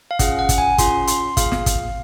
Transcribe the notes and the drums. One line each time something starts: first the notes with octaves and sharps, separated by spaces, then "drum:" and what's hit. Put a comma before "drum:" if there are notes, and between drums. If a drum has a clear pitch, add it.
F5
C#4 F4 G#4 F#5, drum: kick, hi-hat
F#5
drum: kick, hi-hat
G#5
C#4 F4 G#4 C6, drum: kick, hi-hat
C6, drum: hi-hat
A#3 F4 G#4 F5, drum: kick, hi-hat
drum: snare
drum: kick, hi-hat